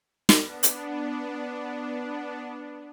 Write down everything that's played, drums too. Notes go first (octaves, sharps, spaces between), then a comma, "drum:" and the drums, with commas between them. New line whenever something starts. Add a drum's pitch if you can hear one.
B3 D4, drum: snare
drum: hi-hat